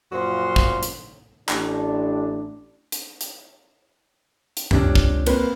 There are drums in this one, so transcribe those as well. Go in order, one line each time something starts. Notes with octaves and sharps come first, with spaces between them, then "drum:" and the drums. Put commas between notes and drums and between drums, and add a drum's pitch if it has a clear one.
F#2 A#2 F3 F#4 C6
drum: kick
drum: hi-hat
A1 D4, drum: clap
drum: hi-hat
drum: hi-hat
drum: hi-hat
C#2 C3 C#4 D4, drum: tom F#2
drum: kick
A#3 C4 B4, drum: cymbal